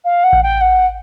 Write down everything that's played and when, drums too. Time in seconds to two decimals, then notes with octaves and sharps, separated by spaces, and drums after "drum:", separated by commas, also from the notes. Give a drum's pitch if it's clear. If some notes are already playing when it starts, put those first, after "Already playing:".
0.04 F5
0.23 F#5
0.33 drum: kick A1
0.42 G5
0.60 F#5